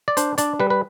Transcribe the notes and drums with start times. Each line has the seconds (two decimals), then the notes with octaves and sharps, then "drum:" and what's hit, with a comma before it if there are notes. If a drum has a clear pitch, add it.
0.08 D5
0.17 D4 C5, drum: hi-hat
0.38 D4 D5, drum: hi-hat
0.60 G3 B4
0.70 B4